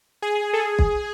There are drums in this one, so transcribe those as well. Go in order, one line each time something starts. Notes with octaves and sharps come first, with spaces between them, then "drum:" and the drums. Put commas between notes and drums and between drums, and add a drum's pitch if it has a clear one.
G#4
A4
G#4
drum: kick